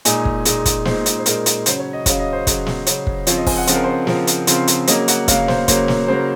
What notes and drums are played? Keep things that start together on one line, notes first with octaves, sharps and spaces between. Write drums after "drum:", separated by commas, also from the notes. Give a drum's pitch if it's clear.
A#2 G#3 D#4 G#5, drum: hi-hat
drum: kick
A#2 G#3 D#4 D#5, drum: hi-hat
drum: kick, hi-hat
A#2 G#3 D#4 C5, drum: snare
drum: hi-hat
C5
A#2 G#3 D#4 A#4, drum: hi-hat
drum: hi-hat
C#3 F#3 C#4 C5, drum: hi-hat
C#5
D#5
C#3 F#3 C#4 F5, drum: kick, hi-hat
D#5
C5
C#3 F#3 C#4, drum: kick, hi-hat
drum: snare
C#3 F#3 C#4, drum: hi-hat
drum: kick
C#3 F3 C4 F4 C#5, drum: hi-hat
D#5
G#5, drum: kick, open hi-hat
F#5
C#3 F3 C4 F4 C5, drum: hi-hat
A#4
C5
C#3 F3 C4 F4 A#4, drum: snare
drum: hi-hat
C#3 F3 C4 F4 C5, drum: hi-hat
drum: hi-hat
C#3 F#3 A#3 D#5, drum: hi-hat
F#5, drum: hi-hat
C#3 F#3 A#3 F5, drum: kick, hi-hat
C5, drum: snare
C#3 F#3 A#3 C5, drum: kick, hi-hat
drum: snare
C#3 F#3 A#3 C5